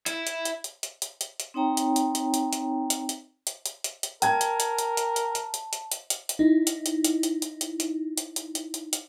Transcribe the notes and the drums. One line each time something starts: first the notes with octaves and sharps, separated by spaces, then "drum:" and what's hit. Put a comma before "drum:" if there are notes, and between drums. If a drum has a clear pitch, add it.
E4, drum: hi-hat
drum: hi-hat
drum: hi-hat
drum: hi-hat
drum: hi-hat
drum: hi-hat
drum: hi-hat
drum: hi-hat
C4 D#4 C#5 G5 A#5
drum: hi-hat
drum: hi-hat
drum: hi-hat
drum: hi-hat
drum: hi-hat
drum: hi-hat
drum: hi-hat
drum: hi-hat
drum: hi-hat
drum: hi-hat
drum: hi-hat
A#4 G5 A5 G#6, drum: hi-hat
drum: hi-hat
drum: hi-hat
drum: hi-hat
drum: hi-hat
drum: hi-hat
drum: hi-hat
drum: hi-hat
drum: hi-hat
drum: hi-hat
drum: hi-hat
drum: hi-hat
D#4 E4
drum: hi-hat
drum: hi-hat
drum: hi-hat
drum: hi-hat
drum: hi-hat
drum: hi-hat
drum: hi-hat
drum: hi-hat
drum: hi-hat
drum: hi-hat
drum: hi-hat
drum: hi-hat